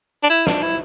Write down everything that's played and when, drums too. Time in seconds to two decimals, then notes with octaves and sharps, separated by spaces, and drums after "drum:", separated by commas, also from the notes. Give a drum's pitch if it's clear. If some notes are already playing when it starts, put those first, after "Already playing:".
0.23 D4
0.30 E4
0.47 D4, drum: snare
0.62 E4